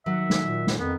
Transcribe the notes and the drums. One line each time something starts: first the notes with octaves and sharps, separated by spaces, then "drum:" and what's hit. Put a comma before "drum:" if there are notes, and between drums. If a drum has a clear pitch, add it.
D#3 F#3 E5 F#5
D#3, drum: snare
A#2
drum: snare
F2 B3 A#4